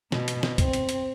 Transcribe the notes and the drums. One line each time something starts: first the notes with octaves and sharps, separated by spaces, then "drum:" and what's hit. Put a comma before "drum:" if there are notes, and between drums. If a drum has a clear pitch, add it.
B2, drum: snare
drum: hi-hat
drum: snare
C4, drum: kick, hi-hat
drum: hi-hat
drum: hi-hat